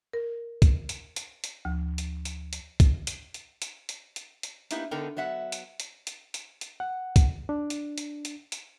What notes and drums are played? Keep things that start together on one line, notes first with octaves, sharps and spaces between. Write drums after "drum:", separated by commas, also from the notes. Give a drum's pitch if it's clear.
A#4
drum: kick, hi-hat
drum: hi-hat
drum: hi-hat
drum: hi-hat
D2 F3
drum: hi-hat
drum: hi-hat
drum: hi-hat
drum: kick, hi-hat
drum: hi-hat
drum: hi-hat
drum: hi-hat
drum: hi-hat
drum: hi-hat
drum: hi-hat
A#3 B3 D#4 E4 G4, drum: hi-hat
D3 B3 D#4 A4 A#4 G5
F#3 B3 E5 F#5
drum: hi-hat
drum: hi-hat
drum: hi-hat
drum: hi-hat
drum: hi-hat
F#5
drum: kick, hi-hat
D4
drum: hi-hat
drum: hi-hat
drum: hi-hat
drum: hi-hat